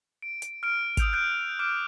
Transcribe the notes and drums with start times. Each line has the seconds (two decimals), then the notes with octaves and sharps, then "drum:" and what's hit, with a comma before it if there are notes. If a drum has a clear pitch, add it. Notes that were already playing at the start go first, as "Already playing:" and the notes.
0.22 D7
0.42 drum: hi-hat
0.63 F6 D7
0.97 D#6 E6 G6 D7 F7, drum: kick, hi-hat
1.13 F#6 G6 D7
1.59 D6 F6 D7